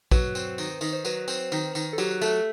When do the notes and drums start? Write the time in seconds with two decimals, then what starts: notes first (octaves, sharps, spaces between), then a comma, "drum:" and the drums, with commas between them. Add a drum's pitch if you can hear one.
0.11 F#3 B4, drum: kick, tambourine
0.35 C4, drum: tambourine
0.58 D#3, drum: tambourine
0.81 D#3, drum: tambourine
0.93 C5
1.05 F#3 B4, drum: tambourine
1.28 C4, drum: tambourine
1.52 D#3, drum: tambourine
1.75 D#3, drum: tambourine
1.93 A4
1.98 F#3 G4, drum: tambourine
2.21 A3, drum: tambourine